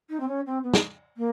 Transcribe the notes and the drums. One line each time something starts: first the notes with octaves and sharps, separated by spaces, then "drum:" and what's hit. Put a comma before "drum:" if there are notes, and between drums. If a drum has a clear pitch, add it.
D#4
C4
C#4
C4
B3
drum: snare
A#3